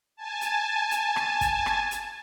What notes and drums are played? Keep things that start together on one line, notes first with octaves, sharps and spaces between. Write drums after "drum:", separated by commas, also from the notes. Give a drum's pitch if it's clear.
G#5 A5
drum: hi-hat
drum: hi-hat
drum: rim click
drum: kick, hi-hat
drum: rim click
drum: hi-hat